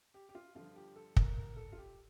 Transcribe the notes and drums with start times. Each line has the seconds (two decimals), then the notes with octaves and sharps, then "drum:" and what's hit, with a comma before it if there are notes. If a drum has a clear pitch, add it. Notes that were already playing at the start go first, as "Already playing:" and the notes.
0.14 G4
0.29 G4
0.35 F4
0.55 G2 D3 F3 F4
0.76 G4
0.96 A4
1.17 A#4, drum: kick
1.37 A#4
1.56 A4
1.73 F4
1.78 G4